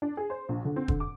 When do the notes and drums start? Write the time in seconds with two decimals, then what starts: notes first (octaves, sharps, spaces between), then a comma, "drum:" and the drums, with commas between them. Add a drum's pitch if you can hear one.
0.02 D4
0.17 G#4
0.30 C5
0.49 A#1
0.65 D3
0.76 C4
0.88 D3, drum: kick E1
1.00 D6